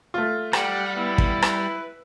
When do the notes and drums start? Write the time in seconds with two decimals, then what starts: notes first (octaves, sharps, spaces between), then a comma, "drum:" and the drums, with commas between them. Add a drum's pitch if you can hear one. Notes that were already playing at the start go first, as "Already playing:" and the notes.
0.14 A3 F4
0.53 G3 G4 F#5, drum: rim click
0.98 B3 E4
1.18 drum: kick
1.42 B4, drum: rim click